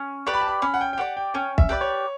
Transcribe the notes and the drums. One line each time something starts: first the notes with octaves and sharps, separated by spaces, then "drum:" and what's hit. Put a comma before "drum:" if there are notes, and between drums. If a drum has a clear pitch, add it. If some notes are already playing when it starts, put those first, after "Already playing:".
Already playing: C#4
G4 B4 D5 C#6
B5
A5
B5
C#4 B5
F#5
G5
G5
G4 B4 D5 F#5
G5
C#4 G5
E5, drum: kick
G4 B4 D5
C#5